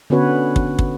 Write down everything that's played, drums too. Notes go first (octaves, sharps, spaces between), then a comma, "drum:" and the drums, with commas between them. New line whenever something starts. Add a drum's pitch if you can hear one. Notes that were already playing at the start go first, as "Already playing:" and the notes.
D3 B3 C#4 F#4 B4 C#5
drum: kick
drum: kick